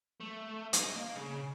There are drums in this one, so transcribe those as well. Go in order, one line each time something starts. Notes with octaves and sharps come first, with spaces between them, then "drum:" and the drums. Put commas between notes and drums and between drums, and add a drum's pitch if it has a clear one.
A3
D#5, drum: hi-hat
A#3
C#3